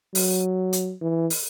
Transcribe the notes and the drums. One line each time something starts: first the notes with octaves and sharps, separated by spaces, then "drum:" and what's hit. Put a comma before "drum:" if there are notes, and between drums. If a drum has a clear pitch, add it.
F#3, drum: open hi-hat
drum: hi-hat
E3
drum: open hi-hat